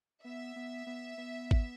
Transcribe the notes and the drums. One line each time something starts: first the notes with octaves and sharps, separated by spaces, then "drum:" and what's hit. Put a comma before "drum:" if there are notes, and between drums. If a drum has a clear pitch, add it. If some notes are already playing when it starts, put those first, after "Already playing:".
B3 E5
B3
B3
B3
drum: kick G#1